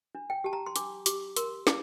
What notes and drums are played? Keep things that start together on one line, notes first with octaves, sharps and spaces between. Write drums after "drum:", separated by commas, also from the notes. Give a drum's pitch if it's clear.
D4
G5
G4 A5
A#5
C6
D4 D6, drum: hi-hat
G4 D6, drum: hi-hat
A#4 C6, drum: hi-hat
E4 D6, drum: snare